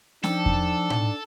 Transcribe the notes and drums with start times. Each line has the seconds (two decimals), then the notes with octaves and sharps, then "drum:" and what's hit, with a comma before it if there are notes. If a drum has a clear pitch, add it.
0.24 F3 D4 D#4 A4 G5 A5, drum: snare
0.46 drum: kick E2
0.90 drum: tom A2